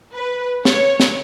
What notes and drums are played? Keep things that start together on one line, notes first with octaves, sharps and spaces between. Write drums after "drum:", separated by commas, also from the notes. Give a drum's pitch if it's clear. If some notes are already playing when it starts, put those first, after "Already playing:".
B4
C#5, drum: snare
drum: snare